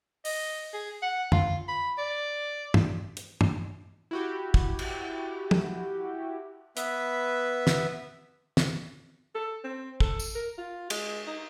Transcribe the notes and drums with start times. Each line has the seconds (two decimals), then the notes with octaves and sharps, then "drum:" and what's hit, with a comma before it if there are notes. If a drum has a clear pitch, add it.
0.25 D#5, drum: open hi-hat
0.73 G#4
1.02 F#5
1.32 F4, drum: tom
1.68 B5
1.98 D5
2.74 drum: tom
3.17 drum: hi-hat
3.41 drum: tom
4.11 E4 F#4 G4
4.54 drum: kick
4.79 drum: cymbal
5.51 drum: tom
6.77 B3 B4 E5, drum: hi-hat
7.67 drum: snare
8.57 drum: snare
9.35 A4
9.64 C4
10.00 A4, drum: kick
10.19 drum: tambourine
10.35 A#4
10.58 F4
10.90 G#3, drum: cymbal
11.27 D#4